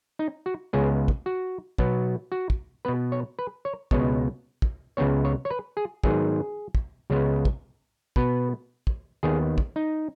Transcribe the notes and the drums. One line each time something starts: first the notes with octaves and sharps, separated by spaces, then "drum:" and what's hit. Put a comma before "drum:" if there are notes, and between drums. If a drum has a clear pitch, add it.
D#4
F#4
C#2 C#3 G#3 B3 G#4
drum: kick
F#4
B2 F#3 B3, drum: kick
F#4
drum: kick
B2 B3 B4
C#5
B4
C#5
C#2 B2 G#3 B3 C#5, drum: kick
drum: kick
C#2 C#3 B3 C#5
C#5
C#5
B4
G#4
G#2 D#3 F#3 B3 G#4, drum: kick
drum: kick
C#2 C#3 G#3 B3
drum: kick
B2 B3 B4, drum: kick
drum: kick
D#2 D#3 B3 G#4
drum: kick
D#4